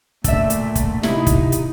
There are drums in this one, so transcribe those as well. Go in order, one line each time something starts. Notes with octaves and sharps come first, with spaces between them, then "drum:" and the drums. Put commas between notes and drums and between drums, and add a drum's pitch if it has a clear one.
A#2 D3 A3 E5, drum: kick, hi-hat
drum: hi-hat
drum: kick, hi-hat
C3 D#4 E4, drum: snare
drum: kick, hi-hat
drum: hi-hat